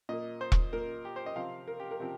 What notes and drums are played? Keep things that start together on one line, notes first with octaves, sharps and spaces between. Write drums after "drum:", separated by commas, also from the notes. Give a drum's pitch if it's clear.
A#2 A#3 D#5
C5
drum: kick E1
A#2 A#3 A#4
G4
C5
D#5
C3 F3 C4 F5
A#4
G4
A#4
C3 F3 C4